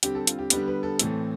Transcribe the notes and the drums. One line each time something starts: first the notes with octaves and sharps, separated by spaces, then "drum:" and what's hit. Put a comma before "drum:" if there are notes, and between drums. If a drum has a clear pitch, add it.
D3 G3 C4 G4, drum: hi-hat
A4
F4, drum: hi-hat
G4
D3 G3 B3 G4, drum: hi-hat
B4
A4
A2 E3 A3 C4 A4, drum: hi-hat